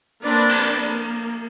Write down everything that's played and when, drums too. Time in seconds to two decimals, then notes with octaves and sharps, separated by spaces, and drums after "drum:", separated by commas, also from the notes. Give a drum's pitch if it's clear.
0.24 A#3 C4 D4 A#4 B4 D5
0.49 drum: cymbal
0.83 A#3